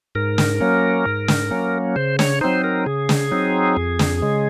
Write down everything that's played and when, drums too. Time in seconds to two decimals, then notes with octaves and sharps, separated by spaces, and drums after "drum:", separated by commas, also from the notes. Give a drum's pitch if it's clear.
0.15 G#2 A#4
0.38 drum: snare
0.60 F#3 A#3 C#4
1.06 G#2
1.28 drum: snare
1.51 F#3 A#3 C#4
1.96 C#3 C5
2.19 C#5, drum: snare
2.41 F#3 C4 D#4 C5
2.64 A#4
2.86 C#3 G#4
3.09 drum: snare
3.31 F#3 C4 D#4
3.77 F2
3.99 drum: snare
4.22 C#3 G#3